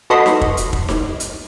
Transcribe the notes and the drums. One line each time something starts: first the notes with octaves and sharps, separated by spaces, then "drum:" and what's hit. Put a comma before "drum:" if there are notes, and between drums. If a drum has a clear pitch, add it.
F#4 A4 B4 D#5 B5 C6
drum: snare D#4
drum: kick
drum: hi-hat
drum: kick
drum: snare D#4
drum: hi-hat